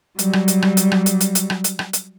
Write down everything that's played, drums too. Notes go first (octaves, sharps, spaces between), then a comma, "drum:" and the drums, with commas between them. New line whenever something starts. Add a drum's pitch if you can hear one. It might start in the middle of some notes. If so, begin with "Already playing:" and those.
F#3 G3, drum: hi-hat
drum: rim click
drum: hi-hat
drum: rim click
drum: hi-hat
drum: rim click
drum: hi-hat
drum: hi-hat
drum: hi-hat
drum: rim click
drum: hi-hat
drum: rim click
drum: hi-hat